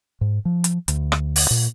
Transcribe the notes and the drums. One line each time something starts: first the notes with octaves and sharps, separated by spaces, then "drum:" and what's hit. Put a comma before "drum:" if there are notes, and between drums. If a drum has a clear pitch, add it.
G#2
F3
drum: hi-hat
D2, drum: hi-hat
drum: rim click
drum: open hi-hat
A#2